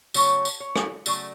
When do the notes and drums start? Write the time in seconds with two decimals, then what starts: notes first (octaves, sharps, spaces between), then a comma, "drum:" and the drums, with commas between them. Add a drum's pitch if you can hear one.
0.14 C#3 F#3 A3 C#5, drum: tambourine
0.45 drum: tambourine
0.60 C#5
0.76 drum: rim click
1.06 C#3 F#3 A3 D5, drum: tambourine